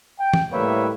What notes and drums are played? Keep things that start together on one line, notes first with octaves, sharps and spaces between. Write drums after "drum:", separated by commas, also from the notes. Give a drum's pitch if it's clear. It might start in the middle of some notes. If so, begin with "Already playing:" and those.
G5
drum: tom
A2 G3 A#3 B4 C#5 E5